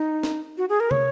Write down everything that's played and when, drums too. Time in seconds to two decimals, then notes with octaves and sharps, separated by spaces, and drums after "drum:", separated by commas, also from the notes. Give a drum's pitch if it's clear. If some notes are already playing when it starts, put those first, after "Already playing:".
Already playing: D#4
0.23 drum: snare
0.58 F#4
0.69 G#4
0.80 A#4
0.91 C#5, drum: tom